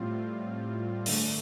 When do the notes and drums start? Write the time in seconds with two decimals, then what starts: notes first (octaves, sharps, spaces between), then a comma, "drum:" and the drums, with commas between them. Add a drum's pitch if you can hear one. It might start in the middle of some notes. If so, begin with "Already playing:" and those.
Already playing: A2 G3 C4 F4
1.06 G2 D3 A3, drum: open hi-hat